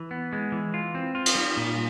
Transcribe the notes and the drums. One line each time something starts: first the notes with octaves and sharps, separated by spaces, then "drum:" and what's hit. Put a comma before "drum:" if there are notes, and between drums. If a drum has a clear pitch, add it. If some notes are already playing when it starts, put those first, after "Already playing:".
Already playing: E3
B3
G#3
E3
F4
C4
F4
drum: cymbal
G3
A#2